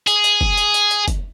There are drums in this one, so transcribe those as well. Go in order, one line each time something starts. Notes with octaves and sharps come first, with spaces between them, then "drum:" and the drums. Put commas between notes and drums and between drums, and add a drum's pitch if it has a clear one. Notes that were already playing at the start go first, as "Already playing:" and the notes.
G#4, drum: hi-hat
drum: hi-hat
drum: kick
drum: hi-hat
drum: hi-hat
drum: hi-hat
drum: kick, hi-hat